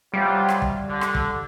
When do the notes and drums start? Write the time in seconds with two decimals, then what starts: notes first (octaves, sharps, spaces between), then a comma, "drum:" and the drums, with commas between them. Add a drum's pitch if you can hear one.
0.14 C3 F#3 G3 F4
0.49 drum: rim click
0.62 drum: kick
0.88 D3
1.01 drum: rim click
1.15 drum: kick